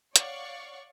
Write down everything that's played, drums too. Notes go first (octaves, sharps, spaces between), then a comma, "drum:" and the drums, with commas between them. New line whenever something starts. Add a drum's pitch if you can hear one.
C#5 D5 F5 F#5 C#6, drum: hi-hat